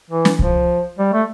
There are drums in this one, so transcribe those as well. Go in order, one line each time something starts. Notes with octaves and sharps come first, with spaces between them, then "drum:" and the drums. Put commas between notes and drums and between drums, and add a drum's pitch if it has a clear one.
E3
drum: snare
F3, drum: kick C2
G3
A3